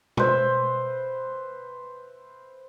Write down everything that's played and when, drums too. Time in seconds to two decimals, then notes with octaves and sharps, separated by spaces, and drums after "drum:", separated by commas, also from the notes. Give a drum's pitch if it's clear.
0.17 B4 C5 E5, drum: tom B2